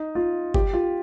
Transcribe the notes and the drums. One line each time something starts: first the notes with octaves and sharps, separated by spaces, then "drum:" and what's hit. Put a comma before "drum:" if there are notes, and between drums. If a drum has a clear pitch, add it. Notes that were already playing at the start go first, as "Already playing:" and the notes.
Already playing: D#4
F4
G4, drum: kick G1
F4